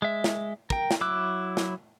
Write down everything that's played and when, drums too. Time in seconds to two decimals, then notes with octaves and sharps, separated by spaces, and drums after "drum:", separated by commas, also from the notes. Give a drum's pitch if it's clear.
0.02 G#3 E5
0.24 drum: snare
0.70 A#4 G5, drum: kick
0.91 drum: snare
1.01 F#3 E4 D6 E6 F#6
1.57 drum: snare